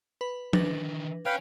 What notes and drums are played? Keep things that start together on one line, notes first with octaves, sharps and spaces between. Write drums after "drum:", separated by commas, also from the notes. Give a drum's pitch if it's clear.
B4 B5
D#3 E3 D4 B4 A#6, drum: tom F3
B4 C#5 F5 G5 G#5 D7